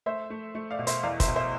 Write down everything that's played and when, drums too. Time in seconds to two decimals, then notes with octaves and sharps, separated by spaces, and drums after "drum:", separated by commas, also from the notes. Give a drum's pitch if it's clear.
0.06 A3 C5 E5
0.30 A3
0.55 A3
0.71 D5 F5
0.79 B2
0.87 C5 E5, drum: hi-hat
1.03 E2 D5 F5
1.20 C5 E5, drum: kick, hi-hat
1.28 B2
1.36 C5 E5